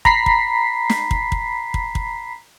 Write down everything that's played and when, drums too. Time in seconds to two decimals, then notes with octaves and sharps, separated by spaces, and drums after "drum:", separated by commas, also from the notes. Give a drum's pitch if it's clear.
0.05 A#5 B5 B6 C7, drum: kick
0.26 drum: kick
0.90 drum: snare
1.11 drum: kick
1.32 drum: kick
1.74 drum: kick
1.95 drum: kick